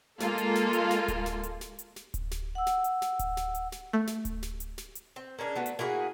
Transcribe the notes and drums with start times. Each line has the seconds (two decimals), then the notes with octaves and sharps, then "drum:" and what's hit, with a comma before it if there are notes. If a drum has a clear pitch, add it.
0.20 G#3 A#3 F4 A4, drum: snare
0.38 drum: hi-hat
0.55 drum: snare
0.73 drum: hi-hat
0.91 drum: snare
1.08 drum: kick D1, hi-hat
1.26 drum: snare
1.43 drum: hi-hat
1.61 drum: snare
1.79 drum: hi-hat
1.96 drum: snare
2.14 drum: kick D1, hi-hat
2.31 drum: snare
2.55 F#5 E6
2.67 drum: snare
2.84 drum: hi-hat
3.02 drum: snare
3.19 drum: kick D1, hi-hat
3.37 drum: snare
3.55 drum: hi-hat
3.72 drum: snare
3.93 A3
4.07 drum: snare
4.25 drum: kick D1, hi-hat
4.43 drum: snare
4.60 drum: hi-hat
4.78 drum: snare
4.95 drum: hi-hat
5.16 C4
5.39 A#3 C#4 D4 G#4
5.55 A3 B3 F#4
5.66 drum: hi-hat
5.79 A#3 E4 F#4 G#4